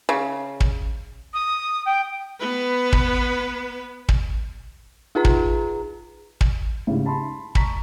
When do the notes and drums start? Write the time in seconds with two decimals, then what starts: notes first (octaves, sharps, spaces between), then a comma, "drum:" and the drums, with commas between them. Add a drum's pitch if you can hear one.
0.09 C#3
0.60 drum: kick
1.33 D#6
1.85 G5
2.40 B3 B4
2.93 drum: kick
4.09 drum: kick
5.15 D#4 F4 G#4 B4 A#5
5.25 drum: kick
6.41 drum: kick
6.87 G#2 C#3 E4 G4
7.06 A5 B5 C6
7.55 A5 A#5 C#6 B6, drum: kick